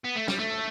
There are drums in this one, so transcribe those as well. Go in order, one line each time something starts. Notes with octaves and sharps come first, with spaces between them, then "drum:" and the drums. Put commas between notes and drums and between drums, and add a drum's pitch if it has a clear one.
B3
A3
G3, drum: snare
A3